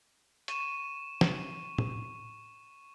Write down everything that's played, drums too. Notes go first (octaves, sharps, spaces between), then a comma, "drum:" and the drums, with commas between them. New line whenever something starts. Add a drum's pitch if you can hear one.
C#6 D#7 E7, drum: hi-hat
drum: snare
drum: tom